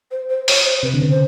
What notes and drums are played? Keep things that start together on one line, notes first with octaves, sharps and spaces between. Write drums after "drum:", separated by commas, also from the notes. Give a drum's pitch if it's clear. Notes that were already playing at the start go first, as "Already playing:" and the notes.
C5
C5
C#5, drum: open hi-hat
C5
C3 B4
D3
C#3
C5